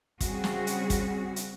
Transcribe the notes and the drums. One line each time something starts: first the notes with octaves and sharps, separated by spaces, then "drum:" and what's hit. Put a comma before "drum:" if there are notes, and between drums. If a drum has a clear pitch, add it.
C#3 G3 C4 F#4 G#4, drum: kick, hi-hat
drum: snare
drum: hi-hat
drum: kick, hi-hat
drum: hi-hat